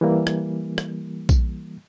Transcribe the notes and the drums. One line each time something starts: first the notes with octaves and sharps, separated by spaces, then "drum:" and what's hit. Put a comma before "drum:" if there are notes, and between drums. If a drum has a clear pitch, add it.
E3 G3 A#3
drum: rim click
drum: rim click
drum: kick A#1, tambourine